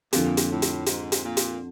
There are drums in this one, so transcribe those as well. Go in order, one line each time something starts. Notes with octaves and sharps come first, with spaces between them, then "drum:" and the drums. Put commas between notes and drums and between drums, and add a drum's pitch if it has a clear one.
F2 A#2 D3 F3, drum: hi-hat
drum: hi-hat
A2
drum: hi-hat
G#2, drum: hi-hat
drum: hi-hat
A#2
drum: hi-hat